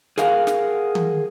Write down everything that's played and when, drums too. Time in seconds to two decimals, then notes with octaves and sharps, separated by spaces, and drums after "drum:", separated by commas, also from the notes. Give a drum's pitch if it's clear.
0.18 G#4 A#4 F5 F#5, drum: snare
0.47 drum: snare
0.95 drum: tom D#3